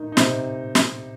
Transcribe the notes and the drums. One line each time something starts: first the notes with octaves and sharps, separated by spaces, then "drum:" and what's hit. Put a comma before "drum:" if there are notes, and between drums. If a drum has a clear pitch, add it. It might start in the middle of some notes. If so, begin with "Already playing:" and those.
Already playing: D#3 D#4
D#4
C3 C4, drum: snare
drum: snare